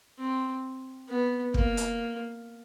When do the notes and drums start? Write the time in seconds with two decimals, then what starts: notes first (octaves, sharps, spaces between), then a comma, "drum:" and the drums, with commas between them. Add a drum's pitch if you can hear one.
0.19 C4
1.09 B3
1.54 A#3, drum: kick
1.77 drum: hi-hat